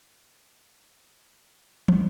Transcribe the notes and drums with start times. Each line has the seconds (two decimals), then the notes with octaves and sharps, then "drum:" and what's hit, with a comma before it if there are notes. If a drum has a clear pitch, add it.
0.29 E3
0.71 D3
1.14 B2
1.55 A2
1.88 drum: tom